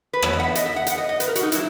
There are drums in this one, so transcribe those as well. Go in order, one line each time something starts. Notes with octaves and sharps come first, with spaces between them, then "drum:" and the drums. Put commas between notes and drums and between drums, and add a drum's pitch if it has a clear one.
B4
F#2 E3 B3 C#5, drum: rim click
D#5
F#5
E5
D#5, drum: hi-hat
E5
F#5
F#5, drum: hi-hat
D#5
D#5
B4, drum: hi-hat
A#4
F#4, drum: hi-hat
D#4
A#2 F#3 E4, drum: hi-hat